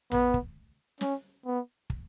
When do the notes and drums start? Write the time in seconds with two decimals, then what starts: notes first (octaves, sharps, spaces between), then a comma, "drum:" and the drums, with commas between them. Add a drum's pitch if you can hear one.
0.11 B3, drum: tom A1
0.34 drum: kick
1.01 C#4, drum: snare
1.46 B3
1.90 drum: kick